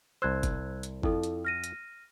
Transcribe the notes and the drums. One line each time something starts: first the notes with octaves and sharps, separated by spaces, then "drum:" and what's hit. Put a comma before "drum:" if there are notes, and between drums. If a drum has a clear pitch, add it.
C2 C5 E6 F#6 G#6
drum: kick F#1, hi-hat
drum: hi-hat
F2 E4 A4, drum: kick F#1
drum: hi-hat
F6 A#6 D#7
drum: hi-hat